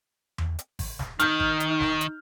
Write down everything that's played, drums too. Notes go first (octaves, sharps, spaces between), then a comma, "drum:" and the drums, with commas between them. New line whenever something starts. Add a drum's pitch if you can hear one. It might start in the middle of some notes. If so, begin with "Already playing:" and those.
drum: tom E2
drum: hi-hat
drum: kick G#1, open hi-hat
drum: snare
D#3 D#4 F6 G6, drum: hi-hat
drum: kick G#1
drum: hi-hat
drum: snare
drum: hi-hat